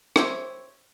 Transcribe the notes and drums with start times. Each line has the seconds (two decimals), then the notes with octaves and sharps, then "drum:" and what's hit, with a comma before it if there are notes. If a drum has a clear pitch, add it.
0.16 G4 C5 C#5 E5, drum: rim click